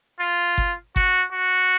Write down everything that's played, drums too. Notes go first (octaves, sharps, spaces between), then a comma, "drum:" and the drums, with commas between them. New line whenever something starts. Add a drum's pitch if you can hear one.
F4
drum: kick G1
F#4, drum: kick G1
F#4